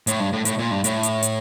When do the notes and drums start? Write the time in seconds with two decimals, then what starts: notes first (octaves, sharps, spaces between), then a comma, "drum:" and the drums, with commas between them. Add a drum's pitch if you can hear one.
0.07 A2, drum: hi-hat
0.19 G2
0.33 A2
0.45 A2, drum: hi-hat
0.59 A#2
0.71 G2
0.84 A2, drum: hi-hat
1.03 drum: hi-hat
1.23 drum: hi-hat